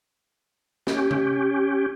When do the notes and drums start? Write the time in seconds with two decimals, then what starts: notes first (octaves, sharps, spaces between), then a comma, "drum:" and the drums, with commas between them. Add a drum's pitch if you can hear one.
0.87 C#4 G4, drum: snare
1.11 drum: tom C3